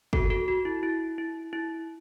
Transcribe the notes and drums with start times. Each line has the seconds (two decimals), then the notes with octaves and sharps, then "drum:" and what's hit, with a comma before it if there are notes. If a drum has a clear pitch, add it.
0.13 F#4 A4, drum: kick
0.30 F#4 A4
0.48 F#4
0.65 E4
0.83 E4
1.18 E4
1.53 E4